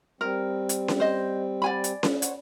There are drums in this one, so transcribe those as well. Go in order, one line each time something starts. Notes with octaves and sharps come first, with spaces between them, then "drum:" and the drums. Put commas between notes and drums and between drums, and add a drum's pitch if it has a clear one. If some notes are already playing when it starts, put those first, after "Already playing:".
G3 C4 A#4
drum: hi-hat
drum: snare C#4
C5 D#5
D5 G#5 B5
drum: hi-hat
drum: snare C#4
C5 C#5 F#5, drum: hi-hat